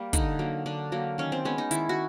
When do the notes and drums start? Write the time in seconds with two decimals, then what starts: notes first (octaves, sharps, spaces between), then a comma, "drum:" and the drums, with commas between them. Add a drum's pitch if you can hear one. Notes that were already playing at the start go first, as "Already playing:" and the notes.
Already playing: G3 A#3
0.13 D3 D#4, drum: kick, hi-hat
0.39 F#3 A#3
0.66 D3 D4
0.92 F#3 A#3
1.18 D#3 C#4
1.32 C4
1.45 G#3 B3 C#4
1.58 D#4
1.71 D#3 E4, drum: hi-hat
1.89 F#4